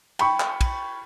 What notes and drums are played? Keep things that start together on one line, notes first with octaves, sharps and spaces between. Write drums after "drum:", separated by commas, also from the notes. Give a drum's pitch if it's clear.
G5 B5 C#6, drum: cymbal
drum: clap
drum: kick, cymbal